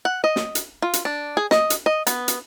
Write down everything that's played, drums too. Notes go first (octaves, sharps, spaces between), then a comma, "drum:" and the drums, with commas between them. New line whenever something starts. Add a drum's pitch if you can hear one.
F#5
D#5
drum: snare
drum: hi-hat
F4
drum: hi-hat
D4
G#4
D#5, drum: snare
drum: hi-hat
D#5
B3, drum: hi-hat
drum: hi-hat